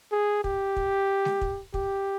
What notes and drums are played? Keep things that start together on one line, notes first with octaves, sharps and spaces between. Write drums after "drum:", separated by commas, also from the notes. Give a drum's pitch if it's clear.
G#4
G4, drum: kick
drum: kick
drum: snare G#3
drum: kick
G4, drum: kick